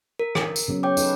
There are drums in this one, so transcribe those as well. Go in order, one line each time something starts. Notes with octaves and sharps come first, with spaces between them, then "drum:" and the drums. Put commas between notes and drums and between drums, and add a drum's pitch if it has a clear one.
A#4
drum: rim click
drum: tambourine
C#3 F#3 B3
C#5 G5 D6
D#4 A4 B4, drum: tambourine